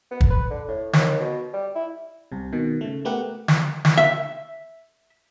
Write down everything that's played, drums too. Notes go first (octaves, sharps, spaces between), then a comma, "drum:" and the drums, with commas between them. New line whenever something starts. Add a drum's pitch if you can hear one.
B3
drum: kick
B4
D3
A2
D#2, drum: snare
B2
G3
E4
C2 C3
B2 D#3
C#3 A3
A3 B3 G4 A#4 F#5
drum: snare
drum: snare
E5